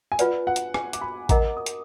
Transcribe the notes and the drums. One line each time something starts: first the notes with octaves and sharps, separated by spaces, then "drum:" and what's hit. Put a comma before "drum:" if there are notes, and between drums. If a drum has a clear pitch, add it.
G#5
F4 B4 D5 F#5, drum: hi-hat
F#5
drum: hi-hat
G#5, drum: rim click
D6, drum: hi-hat
B5
A#4 D#5 F#5 A#5 D6, drum: kick A1, hi-hat
D#6
drum: hi-hat